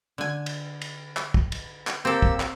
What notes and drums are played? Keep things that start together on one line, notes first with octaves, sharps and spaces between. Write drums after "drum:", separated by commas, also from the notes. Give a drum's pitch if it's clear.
D3 G#5
drum: cymbal
drum: cymbal
drum: clap
drum: kick
drum: cymbal
drum: clap
A#3 C4 G4 A4 E6
drum: kick
drum: clap